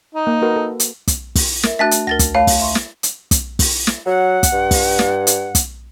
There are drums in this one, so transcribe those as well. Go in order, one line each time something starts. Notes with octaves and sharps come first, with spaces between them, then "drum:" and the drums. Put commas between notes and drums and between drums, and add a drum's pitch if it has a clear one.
D#4
A#3
F#4 A#4 B4
A4
drum: hi-hat
drum: kick, hi-hat
drum: kick, open hi-hat
A#4 E5, drum: snare
A3 D4 F#4 E5 A5 F#6 A6 B6
drum: hi-hat
D2 A#4 A6 A#6
drum: kick, hi-hat
A3 C#5 F5 A5 B5
drum: kick, open hi-hat
E5 C6 C#6
drum: snare
drum: hi-hat
drum: kick, hi-hat
drum: kick, open hi-hat
drum: snare
F#3 F#5
drum: kick, hi-hat
G2
drum: kick, open hi-hat
drum: snare
drum: hi-hat
drum: kick, hi-hat